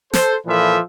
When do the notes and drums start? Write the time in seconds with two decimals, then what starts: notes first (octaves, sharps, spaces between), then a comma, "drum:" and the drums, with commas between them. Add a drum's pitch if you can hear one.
0.13 A4 C5, drum: snare
0.47 A#2 E3 F3 A4 B4 E5